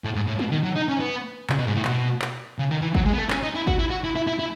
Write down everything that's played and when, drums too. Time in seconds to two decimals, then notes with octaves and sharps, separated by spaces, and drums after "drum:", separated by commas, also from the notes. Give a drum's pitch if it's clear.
0.04 A2
0.15 G#2
0.28 A2
0.39 B2, drum: tom G3
0.52 D#3
0.64 F#3
0.76 D#4
0.89 C#4
1.00 B3
1.50 C#3, drum: clap
1.58 B2
1.67 G#2
1.76 A2
1.85 B2, drum: clap
2.22 drum: clap
2.59 C#3
2.71 D#3
2.82 E3
2.95 F#3, drum: kick
3.06 G#3
3.14 B3
3.19 A3
3.30 C#4, drum: clap
3.43 D#4
3.55 E4
3.67 F#4, drum: kick
3.79 E4
3.91 F#4
4.04 E4
4.16 E4
4.27 E4
4.39 E4